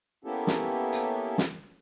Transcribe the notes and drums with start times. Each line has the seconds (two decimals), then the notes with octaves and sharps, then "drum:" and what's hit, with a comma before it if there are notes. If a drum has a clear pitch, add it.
0.24 A#3 B3 C#4 E4 G4 A4
0.47 drum: snare
0.93 drum: hi-hat
1.38 drum: snare